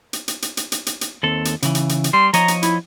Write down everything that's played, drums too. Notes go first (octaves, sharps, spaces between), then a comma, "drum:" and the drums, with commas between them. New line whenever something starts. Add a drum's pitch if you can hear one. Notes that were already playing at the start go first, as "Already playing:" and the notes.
drum: hi-hat
drum: hi-hat
drum: hi-hat
drum: hi-hat
drum: hi-hat
drum: hi-hat
drum: hi-hat
D#2 C4 A4
drum: hi-hat
C#3 E3, drum: hi-hat
drum: hi-hat
drum: hi-hat
drum: hi-hat
G3 C6
F3 C#5 D#5 A#5, drum: hi-hat
drum: hi-hat
E4, drum: hi-hat